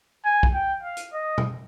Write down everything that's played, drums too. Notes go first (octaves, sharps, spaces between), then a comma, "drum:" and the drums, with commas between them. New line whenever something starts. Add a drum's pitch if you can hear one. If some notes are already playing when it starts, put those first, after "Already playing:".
G#5
drum: kick
G5
F5
drum: hi-hat
D#5
drum: tom